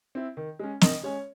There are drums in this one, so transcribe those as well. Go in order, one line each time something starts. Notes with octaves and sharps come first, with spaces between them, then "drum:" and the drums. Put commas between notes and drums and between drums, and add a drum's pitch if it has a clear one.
C4 E4
D#3
G#3 C#4
D#3 D#5, drum: snare
G#3 C#4 C#5